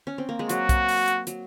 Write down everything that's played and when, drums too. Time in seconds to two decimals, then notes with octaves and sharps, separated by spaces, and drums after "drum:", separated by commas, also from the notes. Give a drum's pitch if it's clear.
0.07 C#4
0.18 C4
0.29 A#3
0.39 G#3
0.49 F#3 F#4, drum: hi-hat
0.69 drum: kick, hi-hat
0.88 drum: open hi-hat
1.08 drum: hi-hat
1.27 F#3, drum: hi-hat